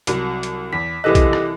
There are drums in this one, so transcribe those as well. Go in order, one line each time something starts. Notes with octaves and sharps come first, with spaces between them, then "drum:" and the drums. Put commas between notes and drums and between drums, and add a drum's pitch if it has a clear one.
C2 F#3, drum: hi-hat
drum: hi-hat
E2 B6
C2 E3 G4 A4 D#5 F#6
drum: kick, hi-hat
drum: rim click